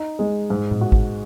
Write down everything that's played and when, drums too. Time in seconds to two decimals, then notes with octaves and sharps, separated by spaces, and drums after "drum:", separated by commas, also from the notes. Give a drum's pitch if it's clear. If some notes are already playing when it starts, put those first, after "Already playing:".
Already playing: D#4
0.19 G#3
0.50 G#2
0.71 drum: tom A2
0.81 F#4
0.92 drum: kick G#1